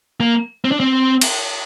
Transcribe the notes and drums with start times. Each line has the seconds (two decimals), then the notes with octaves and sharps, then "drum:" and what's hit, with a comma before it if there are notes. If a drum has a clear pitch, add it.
0.21 A#3
0.65 C4
0.71 D4
0.80 C4
1.21 drum: cymbal